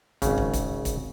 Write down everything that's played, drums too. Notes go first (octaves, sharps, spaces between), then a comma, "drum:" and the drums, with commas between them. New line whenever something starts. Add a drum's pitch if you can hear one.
G#1 C#3, drum: kick, hi-hat
drum: kick
drum: kick, hi-hat
drum: kick, hi-hat